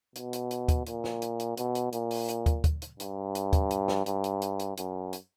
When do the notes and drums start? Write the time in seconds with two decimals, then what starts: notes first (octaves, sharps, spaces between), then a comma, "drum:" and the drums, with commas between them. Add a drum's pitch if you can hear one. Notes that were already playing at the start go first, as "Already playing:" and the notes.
0.15 B2, drum: hi-hat
0.33 drum: hi-hat
0.51 drum: hi-hat
0.68 drum: kick, hi-hat
0.86 A#2, drum: hi-hat
1.04 drum: snare
1.22 drum: hi-hat
1.40 drum: hi-hat
1.57 B2, drum: hi-hat
1.75 drum: hi-hat
1.92 A#2, drum: hi-hat
2.11 drum: open hi-hat
2.28 drum: hi-hat
2.46 drum: kick, hi-hat
2.64 drum: kick, hi-hat
2.82 drum: hi-hat
3.00 G2, drum: hi-hat
3.35 drum: hi-hat
3.53 drum: kick, hi-hat
3.71 drum: hi-hat
3.88 drum: snare
4.06 G2, drum: hi-hat
4.24 drum: hi-hat
4.42 drum: hi-hat
4.59 drum: hi-hat
4.77 F#2, drum: hi-hat
5.13 drum: hi-hat